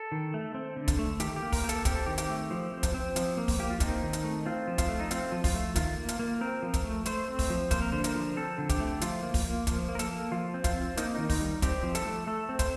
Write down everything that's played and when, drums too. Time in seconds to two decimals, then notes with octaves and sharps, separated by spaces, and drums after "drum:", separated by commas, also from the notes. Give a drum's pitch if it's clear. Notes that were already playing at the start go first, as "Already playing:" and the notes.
Already playing: A4
0.12 D#3
0.34 A3
0.54 C4
0.76 D3
0.88 drum: kick, hi-hat
0.99 A3
1.20 D#3 G4, drum: hi-hat
1.36 G4
1.42 A#3
1.52 A#4, drum: kick, open hi-hat
1.63 A#3 G4
1.69 A4, drum: hi-hat
1.85 C4 G4, drum: kick, hi-hat
1.95 A4
2.06 D#3 G4
2.18 G4, drum: hi-hat
2.29 A3
2.51 F3
2.72 C4
2.83 drum: kick, hi-hat
2.94 C4
3.16 F3, drum: hi-hat
3.37 A#3
3.48 drum: kick, open hi-hat
3.59 A#3 G4
3.70 F4
3.80 C4 D#4, drum: kick, hi-hat
4.03 D#3
4.13 drum: hi-hat
4.24 A3
4.45 C4 F4
4.67 F3
4.78 F4, drum: kick, hi-hat
4.89 A3
5.00 D#4
5.11 C4 F4, drum: hi-hat
5.32 F3
5.44 F4, drum: kick, open hi-hat
5.54 A3
5.76 D#3 F4, drum: kick, hi-hat
5.97 A#3
6.08 drum: hi-hat
6.19 A#3
6.41 C4 A#4
6.63 F3
6.74 drum: kick, hi-hat
6.84 A3
7.06 A3 C5, drum: hi-hat
7.28 C4
7.39 drum: kick, open hi-hat
7.50 F3
7.71 A#3 C5, drum: kick, hi-hat
7.82 A#4
7.92 D3 C5
8.04 A#4, drum: hi-hat
8.15 F3
8.36 C4 A4
8.58 D3
8.69 G4, drum: kick, hi-hat
8.80 A3
9.01 F3 F4, drum: hi-hat
9.23 A#3
9.34 drum: kick, open hi-hat
9.44 A#3
9.67 F3, drum: kick, hi-hat
9.89 A#3
9.95 A#4
9.99 A4, drum: hi-hat
10.10 A#3
10.32 F3 F4
10.54 C4
10.64 F4, drum: kick, hi-hat
10.75 C4
10.97 A#3 D#4, drum: hi-hat
11.15 D#3 D#4
11.29 D#4, drum: kick, open hi-hat
11.41 G3
11.62 C4 G4, drum: kick, hi-hat
11.83 F3
11.95 A4, drum: hi-hat
12.05 A3
12.27 A3 A4
12.49 C4
12.59 C5, drum: kick, hi-hat